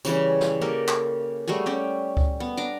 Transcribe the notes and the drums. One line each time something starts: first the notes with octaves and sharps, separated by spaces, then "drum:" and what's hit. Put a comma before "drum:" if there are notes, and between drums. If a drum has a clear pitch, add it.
C#3 E3 G3 C#4, drum: tambourine
drum: snare
A#3 G4 A4 A#4
drum: clap
G3 A3 F#4 G#4
G3 C#4 G4
drum: kick C#2
B3
D4 A#5 D6